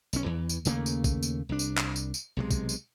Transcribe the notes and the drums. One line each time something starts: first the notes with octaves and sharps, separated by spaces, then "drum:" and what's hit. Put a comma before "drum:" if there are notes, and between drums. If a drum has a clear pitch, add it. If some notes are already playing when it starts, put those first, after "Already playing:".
B1 C#4, drum: tambourine
E2 E3
drum: tambourine
D#2 C#3 A3 A#3, drum: tambourine
drum: tambourine
drum: kick, tambourine
drum: tambourine
C2 D4
drum: tambourine
drum: clap
drum: tambourine
drum: tambourine
B1 C3 G#3
drum: kick, tambourine
drum: tambourine